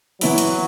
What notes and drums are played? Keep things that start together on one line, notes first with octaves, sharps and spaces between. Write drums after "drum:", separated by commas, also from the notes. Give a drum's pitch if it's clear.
E3 F#3 B3 E4, drum: open hi-hat
drum: hi-hat